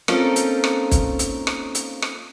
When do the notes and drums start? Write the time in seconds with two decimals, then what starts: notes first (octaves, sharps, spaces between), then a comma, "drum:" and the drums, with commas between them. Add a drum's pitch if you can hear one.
0.08 A#3 C4 C#4 D#4 F4 A4, drum: rim click
0.36 drum: hi-hat
0.64 drum: rim click
0.91 drum: kick, hi-hat
1.19 drum: hi-hat
1.47 drum: rim click
1.75 drum: hi-hat
2.02 drum: rim click